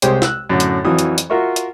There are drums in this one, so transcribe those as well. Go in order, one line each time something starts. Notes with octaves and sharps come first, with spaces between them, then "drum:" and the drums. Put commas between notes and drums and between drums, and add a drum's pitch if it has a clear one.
C2 G#3 G4 C5 C#5 G5, drum: hi-hat
E6 F#6, drum: snare
F#2 A2 D3
drum: hi-hat
F2 E3 F#3 D#6
drum: hi-hat
drum: hi-hat
F4 F#4 A#4 E5 C#6
drum: hi-hat